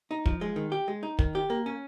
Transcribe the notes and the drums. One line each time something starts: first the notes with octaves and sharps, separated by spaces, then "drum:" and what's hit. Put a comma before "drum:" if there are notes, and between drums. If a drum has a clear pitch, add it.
D#4
F3, drum: kick
G#3
D#3
G4
G#3
D#4
D#3, drum: kick
G4
A#3
C#4